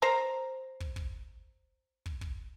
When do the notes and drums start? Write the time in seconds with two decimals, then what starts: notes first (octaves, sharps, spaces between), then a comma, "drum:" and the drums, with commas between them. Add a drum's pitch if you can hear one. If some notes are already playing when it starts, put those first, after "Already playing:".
0.02 A#4 C5 A#5
0.80 drum: kick
0.96 drum: kick
2.06 drum: kick
2.21 drum: kick